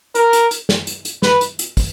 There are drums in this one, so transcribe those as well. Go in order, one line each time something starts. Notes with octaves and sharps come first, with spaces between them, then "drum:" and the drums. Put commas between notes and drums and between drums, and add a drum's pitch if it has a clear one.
A#4, drum: hi-hat
drum: hi-hat
drum: hi-hat
drum: snare
drum: hi-hat
drum: hi-hat
B4, drum: snare
drum: hi-hat
drum: hi-hat
drum: kick, open hi-hat